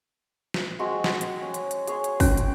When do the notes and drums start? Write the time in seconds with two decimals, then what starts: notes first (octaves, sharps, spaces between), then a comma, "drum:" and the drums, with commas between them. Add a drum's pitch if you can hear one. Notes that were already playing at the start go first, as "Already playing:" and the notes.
0.54 drum: snare
0.79 G#3 C4 F#4
1.04 drum: snare
1.21 drum: hi-hat
1.42 C#4
1.54 drum: hi-hat
1.71 drum: hi-hat
1.87 G#4 C#5 C6, drum: hi-hat
2.04 drum: hi-hat
2.20 C#4 G5, drum: kick, open hi-hat
2.37 drum: hi-hat